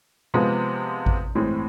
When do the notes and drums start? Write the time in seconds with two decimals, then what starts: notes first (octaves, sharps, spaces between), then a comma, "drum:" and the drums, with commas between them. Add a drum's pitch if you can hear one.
0.34 C3 F3 G#3 B3
1.06 drum: kick G#1
1.35 A2 E3 G#3 C4